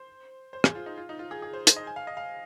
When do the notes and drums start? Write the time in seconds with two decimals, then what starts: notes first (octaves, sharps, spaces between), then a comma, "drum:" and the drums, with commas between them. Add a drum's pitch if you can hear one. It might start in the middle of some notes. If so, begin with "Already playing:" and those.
Already playing: C5
0.53 C5
0.64 G#4, drum: rim click
0.75 F4
0.86 D#4
0.98 F4
1.09 D#4
1.19 F4
1.31 G#4
1.42 G#4
1.53 C5
1.67 C5, drum: hi-hat
1.76 D#5
1.87 G#5
1.96 F5
2.07 D#5
2.17 F5